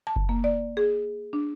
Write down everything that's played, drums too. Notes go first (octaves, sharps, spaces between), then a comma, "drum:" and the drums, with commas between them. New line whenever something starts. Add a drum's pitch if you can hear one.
A5
drum: kick F#1
A#3
D5
G#4
D4